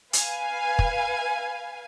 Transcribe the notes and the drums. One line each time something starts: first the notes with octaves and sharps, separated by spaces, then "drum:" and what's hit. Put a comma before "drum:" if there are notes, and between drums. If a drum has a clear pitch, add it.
B4 F5 G#5, drum: hi-hat
drum: kick